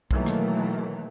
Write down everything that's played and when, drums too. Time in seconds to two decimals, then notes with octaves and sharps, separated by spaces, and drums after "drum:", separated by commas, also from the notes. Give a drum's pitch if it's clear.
0.11 B2 D#3 E3 F#3 A3 A#3, drum: kick B1
0.26 drum: rim click